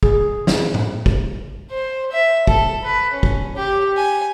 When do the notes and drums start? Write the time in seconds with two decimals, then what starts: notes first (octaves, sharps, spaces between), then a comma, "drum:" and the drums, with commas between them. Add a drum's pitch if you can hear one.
0.03 G#4, drum: kick
0.47 drum: snare
0.74 drum: tom A2
1.06 drum: kick
1.71 C5
2.12 E5
2.47 A4, drum: kick
2.83 B4
3.13 C#4
3.23 drum: kick
3.56 G4
3.97 G#5